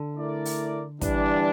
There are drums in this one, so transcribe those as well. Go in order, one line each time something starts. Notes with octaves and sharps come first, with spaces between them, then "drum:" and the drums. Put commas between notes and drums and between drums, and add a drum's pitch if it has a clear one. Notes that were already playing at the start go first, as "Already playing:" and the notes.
Already playing: D3
A3 E4 A#4 D5
drum: open hi-hat
E3 G3 D4, drum: kick, hi-hat